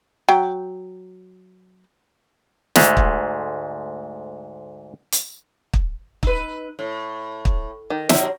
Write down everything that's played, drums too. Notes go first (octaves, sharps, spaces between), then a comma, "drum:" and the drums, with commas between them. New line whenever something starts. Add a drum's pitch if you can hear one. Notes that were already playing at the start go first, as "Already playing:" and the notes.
F#3 G5
D2 G#2 G#3 A3, drum: snare
drum: kick
drum: hi-hat
drum: kick
D#4 B4, drum: kick
A2
drum: kick
D#3
B2 F3 F#3 D#4 E5, drum: snare